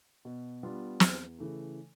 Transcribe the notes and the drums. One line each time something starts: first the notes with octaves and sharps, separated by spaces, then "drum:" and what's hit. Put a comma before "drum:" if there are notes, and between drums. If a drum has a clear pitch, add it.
B2
G3 B3 D4 F4
E2, drum: snare
C#3 E3 A3